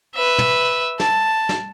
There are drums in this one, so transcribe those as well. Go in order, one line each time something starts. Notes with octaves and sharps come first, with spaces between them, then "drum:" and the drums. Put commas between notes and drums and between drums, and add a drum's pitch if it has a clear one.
B4 E5
drum: tom
A5, drum: snare
drum: snare